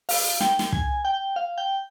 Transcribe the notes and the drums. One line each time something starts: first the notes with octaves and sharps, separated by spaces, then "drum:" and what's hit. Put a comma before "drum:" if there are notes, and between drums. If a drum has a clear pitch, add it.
F5, drum: open hi-hat
G5, drum: snare
drum: snare
G#5, drum: kick
G5
F5
G5